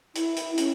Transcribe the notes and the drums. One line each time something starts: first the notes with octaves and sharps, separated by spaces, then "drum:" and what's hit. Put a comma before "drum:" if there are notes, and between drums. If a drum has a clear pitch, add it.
E4, drum: hi-hat
drum: hi-hat
C#4, drum: hi-hat